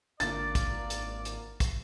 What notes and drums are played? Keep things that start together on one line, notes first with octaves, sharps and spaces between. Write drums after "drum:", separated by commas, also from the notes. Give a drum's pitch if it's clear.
G#1 D3 A#3 F4 D5 A6, drum: hi-hat
drum: kick, hi-hat
drum: hi-hat
drum: hi-hat
drum: kick, hi-hat